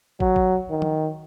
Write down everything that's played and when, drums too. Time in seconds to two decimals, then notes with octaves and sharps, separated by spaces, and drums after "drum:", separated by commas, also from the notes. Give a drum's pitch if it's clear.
0.20 F#3, drum: kick
0.36 drum: kick
0.70 D#3
0.82 drum: tom F3